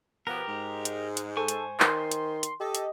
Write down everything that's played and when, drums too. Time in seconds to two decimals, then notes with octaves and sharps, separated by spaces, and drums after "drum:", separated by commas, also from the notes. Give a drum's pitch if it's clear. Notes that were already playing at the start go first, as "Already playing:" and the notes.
0.27 B2 F3 B3 G4 A#4
0.48 G#2 G#3
0.85 drum: hi-hat
1.17 drum: hi-hat
1.37 A4 C5 G#5 C#6
1.48 drum: hi-hat
1.80 D#3 C6, drum: clap
2.11 drum: hi-hat
2.43 drum: hi-hat
2.60 G4 A4 D#5
2.75 drum: hi-hat